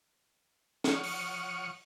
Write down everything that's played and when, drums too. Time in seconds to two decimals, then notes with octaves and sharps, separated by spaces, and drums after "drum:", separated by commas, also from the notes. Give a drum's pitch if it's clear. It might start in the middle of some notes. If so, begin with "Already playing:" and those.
0.84 F3 C#5 F#5 C#6 D#6 F6, drum: snare
1.04 drum: open hi-hat